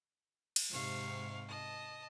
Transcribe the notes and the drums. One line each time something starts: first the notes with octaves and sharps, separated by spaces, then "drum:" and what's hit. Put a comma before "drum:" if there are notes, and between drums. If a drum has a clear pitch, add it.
drum: cymbal
G#2 C3 F5 C#6
D#5 A5